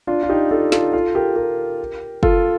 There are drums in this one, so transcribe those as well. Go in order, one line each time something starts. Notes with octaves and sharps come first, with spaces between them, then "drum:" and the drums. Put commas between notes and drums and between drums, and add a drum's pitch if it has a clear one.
D4 F4
F4
D#4 G4
F4 A4
F4 A4, drum: snare
F4 A4
G4 A#4
G4 A#4
F4 A4, drum: kick F#1